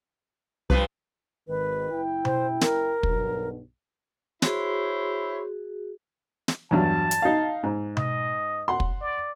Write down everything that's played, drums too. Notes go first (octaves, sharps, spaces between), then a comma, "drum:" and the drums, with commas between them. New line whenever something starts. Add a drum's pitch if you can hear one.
C2 G2 F3 B4
G#1 D#3 B4
F#1 E4 G5
C5, drum: tom B2
A#4, drum: snare
B1 G2 B2, drum: kick
E4 F#4 G#4 C5 C#5, drum: snare
drum: snare
E2 G2 F#3 A5
drum: hi-hat
D#4 F5
G#2
D#5, drum: tom B2
F#5 C6
drum: kick
D5